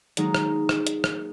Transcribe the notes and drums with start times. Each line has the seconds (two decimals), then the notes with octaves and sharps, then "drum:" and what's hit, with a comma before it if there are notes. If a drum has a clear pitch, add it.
0.17 D#3 F#3 G#3 A#3 D#4 G#4, drum: hi-hat
0.35 drum: rim click
0.69 drum: rim click
0.87 drum: hi-hat
1.04 drum: rim click